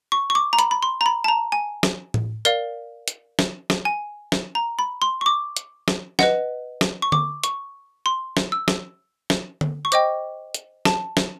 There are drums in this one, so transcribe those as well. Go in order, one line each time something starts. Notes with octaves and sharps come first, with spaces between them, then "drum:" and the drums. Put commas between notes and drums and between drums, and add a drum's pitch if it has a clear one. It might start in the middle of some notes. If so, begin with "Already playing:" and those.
C#6
C#6
D6
A#5
B5, drum: hi-hat
B5
C6
A#5
B5
A5
A#5
G#5
drum: snare
drum: tom A2
A#4 D5 F5, drum: hi-hat
drum: hi-hat
drum: snare
drum: snare
G#5
drum: snare
A#5
B5
C6
C#6
D6
drum: hi-hat
drum: snare
B4 D#5 F#5, drum: snare
drum: snare
C#6
D6, drum: tom D3
C#6, drum: hi-hat
C6
drum: snare
E6
drum: snare
drum: snare
drum: tom D3
C#6
C5 D#5 G5 D6, drum: hi-hat
drum: hi-hat
A5, drum: snare
drum: snare